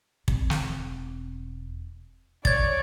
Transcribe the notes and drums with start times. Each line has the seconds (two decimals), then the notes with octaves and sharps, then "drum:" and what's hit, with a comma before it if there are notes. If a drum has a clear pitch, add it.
0.28 E1 C4, drum: kick
0.50 drum: snare
2.45 C#2 C#5 D5 G#6 A6, drum: kick